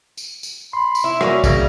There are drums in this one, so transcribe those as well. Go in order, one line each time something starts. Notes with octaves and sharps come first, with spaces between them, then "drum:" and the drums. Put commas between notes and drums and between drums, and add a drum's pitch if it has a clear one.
drum: tambourine
drum: tambourine
B5 C6
drum: tambourine
E4 E5
A#3 C#4 F#4 D5, drum: rim click
C#3 G3 A#3, drum: kick, tambourine